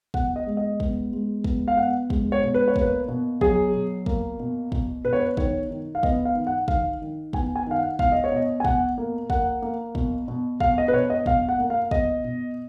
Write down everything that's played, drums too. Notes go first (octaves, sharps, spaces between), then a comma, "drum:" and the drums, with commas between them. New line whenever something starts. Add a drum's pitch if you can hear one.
B2 F#5, drum: kick
D#5
G#3
D#5
B3, drum: kick
G#3
B3, drum: kick
F5
B3 F#5
G#3, drum: kick
C#5
B2
B4
C#5
A#3, drum: kick
B4
B2
F#3 G#4, drum: kick
B2
A#3, drum: kick
B2
B2, drum: kick
B2 B4
C#5
B4
D#3 C#5, drum: kick
D#3
F5
B3 D#5, drum: kick
F5
D#3
F#5
D#3 F5, drum: kick
D#3
B3 G#5, drum: kick
G#5
D#3 F5
F#5
B2 F5, drum: kick
D#5
C#5
B2 D#5
G#5
B2 F#5, drum: kick
A#3
A#3 F#5, drum: kick
A#3
B2, drum: kick
B2
B2 F5, drum: kick
D#5
B4
B2 C#5
D#5
B2 F5, drum: kick
F#5
A#3
F5
B2 D#5, drum: kick
B2